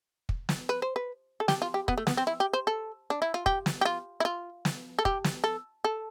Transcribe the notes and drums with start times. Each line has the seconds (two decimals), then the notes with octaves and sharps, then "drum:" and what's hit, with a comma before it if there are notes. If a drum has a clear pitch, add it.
0.29 drum: kick
0.49 drum: snare
0.69 B4
0.82 C5
0.96 B4
1.40 A4
1.48 G4, drum: snare
1.62 F4
1.74 G4
1.88 B3, drum: kick
1.98 A3
2.07 B3, drum: snare
2.17 C4
2.27 E4
2.40 G4
2.53 C5
2.67 A4
3.10 D4
3.22 E4
3.34 F4
3.46 G4, drum: kick
3.66 drum: snare
3.81 G4
3.85 F4
4.20 E4
4.25 F4
4.65 drum: snare
4.99 A4
5.05 G4, drum: kick
5.24 drum: snare
5.44 A4
5.84 A4